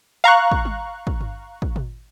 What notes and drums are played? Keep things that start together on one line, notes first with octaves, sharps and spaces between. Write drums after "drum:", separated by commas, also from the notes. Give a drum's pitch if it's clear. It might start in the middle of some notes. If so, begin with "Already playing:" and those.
F5 A#5 C#6 F#6
drum: kick
drum: tom
drum: kick
drum: tom G2
drum: kick
drum: tom A#2